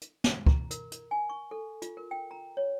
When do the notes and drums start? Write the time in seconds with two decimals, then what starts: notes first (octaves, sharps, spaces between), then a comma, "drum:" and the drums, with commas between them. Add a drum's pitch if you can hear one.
0.02 drum: hi-hat
0.24 drum: snare
0.46 A#5, drum: kick C#2
0.71 A#4, drum: hi-hat
0.92 drum: hi-hat
1.11 G#5
1.29 C#6
1.51 A4
1.82 F4, drum: hi-hat
1.97 A#4
2.11 G5
2.31 A#5
2.57 C#5